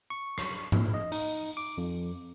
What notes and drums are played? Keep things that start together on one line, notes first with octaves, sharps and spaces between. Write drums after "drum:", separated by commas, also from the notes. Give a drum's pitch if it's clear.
C#6
drum: rim click
A#2, drum: tom G#2
D#5
D#4, drum: open hi-hat
D6
F2